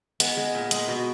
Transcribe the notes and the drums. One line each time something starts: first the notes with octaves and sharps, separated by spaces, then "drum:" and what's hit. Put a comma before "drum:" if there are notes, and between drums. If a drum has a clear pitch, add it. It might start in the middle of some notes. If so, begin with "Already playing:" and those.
G#3 B3, drum: hi-hat
G#3
A#2
G#3, drum: hi-hat
B2